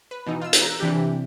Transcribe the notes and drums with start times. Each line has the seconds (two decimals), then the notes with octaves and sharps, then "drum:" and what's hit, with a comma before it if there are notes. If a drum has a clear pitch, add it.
0.11 B4
0.26 B2 E3 D#4
0.42 F4 E6
0.53 drum: hi-hat
0.62 A#5 E6 F#6 G6
0.80 C3 E3 D4 G4